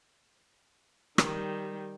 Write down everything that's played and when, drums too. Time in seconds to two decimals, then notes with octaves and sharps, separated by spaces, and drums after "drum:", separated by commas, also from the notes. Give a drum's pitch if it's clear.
1.18 D#3 G3, drum: rim click